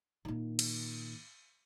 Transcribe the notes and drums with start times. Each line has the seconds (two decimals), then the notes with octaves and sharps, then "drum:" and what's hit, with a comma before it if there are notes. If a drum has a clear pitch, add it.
0.25 A#2 D#3
0.59 drum: cymbal